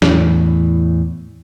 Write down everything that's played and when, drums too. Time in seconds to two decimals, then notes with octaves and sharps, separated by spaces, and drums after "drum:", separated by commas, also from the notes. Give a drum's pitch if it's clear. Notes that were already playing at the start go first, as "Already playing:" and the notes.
0.02 E2 A2 E3, drum: snare